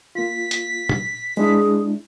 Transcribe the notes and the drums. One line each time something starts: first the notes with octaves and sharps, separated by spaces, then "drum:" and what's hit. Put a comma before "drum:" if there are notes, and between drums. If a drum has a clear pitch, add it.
A#3 F4 B6
drum: hi-hat
drum: tom A#2
G#3 D4 E4 G#4